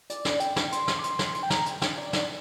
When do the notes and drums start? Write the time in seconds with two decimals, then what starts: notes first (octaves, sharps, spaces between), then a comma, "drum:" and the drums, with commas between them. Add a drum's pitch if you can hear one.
0.10 D5, drum: hi-hat
0.25 drum: snare
0.40 G5, drum: hi-hat
0.56 drum: snare
0.72 C6, drum: hi-hat
0.88 drum: snare
0.99 D6
1.04 C6, drum: hi-hat
1.19 drum: snare
1.35 C6, drum: hi-hat
1.43 G5
1.50 A#5, drum: snare
1.66 drum: hi-hat
1.82 G5, drum: snare
1.98 D5
2.13 drum: snare